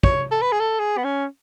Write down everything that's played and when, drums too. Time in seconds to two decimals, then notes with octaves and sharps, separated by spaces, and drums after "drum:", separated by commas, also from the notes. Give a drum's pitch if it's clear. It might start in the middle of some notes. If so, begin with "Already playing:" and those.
0.03 C#5, drum: kick
0.31 A4
0.41 B4
0.52 G#4
0.60 A4
0.79 G#4
0.97 B3
1.04 C#4